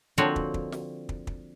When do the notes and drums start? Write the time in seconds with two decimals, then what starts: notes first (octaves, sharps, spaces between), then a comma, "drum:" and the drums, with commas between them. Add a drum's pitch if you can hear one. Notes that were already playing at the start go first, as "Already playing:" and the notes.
0.18 D3 F3 A#3 C4 F#4 C#5
0.36 drum: kick
0.54 drum: kick
0.72 drum: snare
1.09 drum: kick
1.27 drum: kick